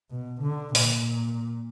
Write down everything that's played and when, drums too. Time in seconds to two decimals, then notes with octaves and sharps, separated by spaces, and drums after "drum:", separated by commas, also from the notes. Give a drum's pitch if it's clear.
0.11 B2
0.41 D3
0.75 A#2, drum: open hi-hat